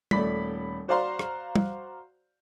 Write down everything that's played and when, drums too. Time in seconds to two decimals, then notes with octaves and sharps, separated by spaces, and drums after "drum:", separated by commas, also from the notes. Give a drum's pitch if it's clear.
0.11 D#1 A3 D5 B5 B6, drum: tom G3
0.88 F#4 C5 D5 F5 A#5 C6
1.19 drum: rim click
1.56 drum: tom G3